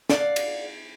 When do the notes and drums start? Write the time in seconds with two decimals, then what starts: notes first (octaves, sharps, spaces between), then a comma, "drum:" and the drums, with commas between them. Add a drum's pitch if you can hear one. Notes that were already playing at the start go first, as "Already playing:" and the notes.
0.10 D5 F5 F#5, drum: snare
0.36 drum: cymbal